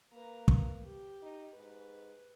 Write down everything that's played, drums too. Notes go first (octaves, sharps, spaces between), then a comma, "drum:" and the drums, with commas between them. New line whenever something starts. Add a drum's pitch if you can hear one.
A#3 B4 A#5
drum: kick
G4
D#4
G#2 B4